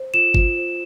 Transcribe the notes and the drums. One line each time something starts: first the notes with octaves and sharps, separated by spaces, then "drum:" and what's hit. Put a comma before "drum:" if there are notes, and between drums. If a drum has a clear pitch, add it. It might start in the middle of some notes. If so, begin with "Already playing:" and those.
Already playing: C5
F4 E7
F4, drum: kick G1
C5